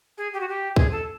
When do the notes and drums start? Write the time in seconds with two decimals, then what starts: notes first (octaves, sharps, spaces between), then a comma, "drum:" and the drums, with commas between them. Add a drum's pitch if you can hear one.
0.18 G#4
0.33 G4
0.40 F#4
0.49 G4
0.76 G#4, drum: kick
0.91 A4